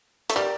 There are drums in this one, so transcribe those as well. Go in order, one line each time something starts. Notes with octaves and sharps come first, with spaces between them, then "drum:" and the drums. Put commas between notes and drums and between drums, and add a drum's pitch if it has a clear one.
A3, drum: hi-hat
G3 A#4 D5